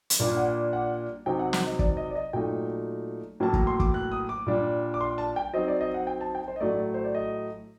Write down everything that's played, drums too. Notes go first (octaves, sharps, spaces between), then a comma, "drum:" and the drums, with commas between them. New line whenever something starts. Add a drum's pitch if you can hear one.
drum: hi-hat
A#2 G3 A#3 D4 D5
F#5
F#5
C3 F#3 C4 D#4 G5
F#5
F#5, drum: snare
D#5
D5, drum: kick
D#5
D5
D#5
A#2 F#3 A3 D#4 G5
A2 F#3 A#3 A5
A#5, drum: kick
C6
D6, drum: kick
F#6
D#6
D6
A#2 G3 D4
D6
C6
A5
G5
F#3 C4 D#4 D#5
D5
D#5
F#5
G5
A5
G5
C5
D#5
A2 F#3 A3 D5
C5
D5
D#5